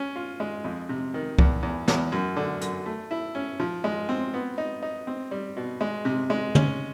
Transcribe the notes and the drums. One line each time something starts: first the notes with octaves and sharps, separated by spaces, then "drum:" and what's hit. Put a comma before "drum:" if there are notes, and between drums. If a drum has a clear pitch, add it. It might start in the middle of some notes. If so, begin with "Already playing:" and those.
Already playing: C#4
F4
G#3
F2
C3
D#3
E2, drum: kick C2
E2
E2, drum: snare
F#2
D3
F#2, drum: hi-hat
A3
E4
C#4
F3
G#3
C4
B3
D#4
D#4
C4
G3
B2
G#3
C3
G#3
C#4, drum: tom